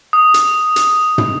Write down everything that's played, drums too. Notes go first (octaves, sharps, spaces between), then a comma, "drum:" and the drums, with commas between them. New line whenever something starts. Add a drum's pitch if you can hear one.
D#6
drum: hi-hat
drum: hi-hat
drum: tom